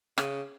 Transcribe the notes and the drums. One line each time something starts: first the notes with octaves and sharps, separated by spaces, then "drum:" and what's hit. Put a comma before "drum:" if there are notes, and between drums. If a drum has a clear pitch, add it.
C#3, drum: rim click